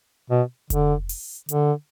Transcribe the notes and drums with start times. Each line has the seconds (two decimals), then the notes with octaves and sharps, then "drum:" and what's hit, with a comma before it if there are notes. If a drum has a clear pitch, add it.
0.30 B2
0.70 D3, drum: kick F1, hi-hat
1.09 drum: open hi-hat
1.49 D3, drum: hi-hat